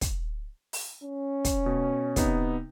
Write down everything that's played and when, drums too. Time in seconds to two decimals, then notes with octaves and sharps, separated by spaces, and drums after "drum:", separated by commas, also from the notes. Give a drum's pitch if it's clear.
0.01 drum: kick, hi-hat
0.73 drum: open hi-hat
1.04 C#4
1.45 drum: kick, hi-hat
1.66 B2
2.16 C3 B3 D#4, drum: kick, hi-hat